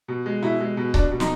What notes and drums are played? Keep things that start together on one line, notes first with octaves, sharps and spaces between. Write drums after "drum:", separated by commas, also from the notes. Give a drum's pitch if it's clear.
B2
G#3
B2 E4
G#3
B2
B2 D4, drum: kick C#1
B2
D#4, drum: snare